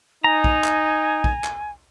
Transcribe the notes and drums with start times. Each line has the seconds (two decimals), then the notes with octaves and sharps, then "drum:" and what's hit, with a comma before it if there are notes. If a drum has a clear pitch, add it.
0.24 D#4 G#5 A#5
0.44 drum: kick A#1
0.64 drum: clap
1.24 drum: kick A#1
1.44 drum: clap